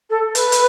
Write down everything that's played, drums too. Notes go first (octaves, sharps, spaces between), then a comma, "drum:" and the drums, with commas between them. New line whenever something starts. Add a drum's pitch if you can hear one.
A4
B4, drum: hi-hat
drum: hi-hat